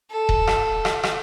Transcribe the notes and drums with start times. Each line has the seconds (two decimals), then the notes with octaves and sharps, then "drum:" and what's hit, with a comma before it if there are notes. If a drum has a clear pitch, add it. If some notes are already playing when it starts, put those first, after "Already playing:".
0.10 A4
0.29 drum: kick D#1
0.47 drum: rim click
0.85 drum: rim click
1.03 drum: rim click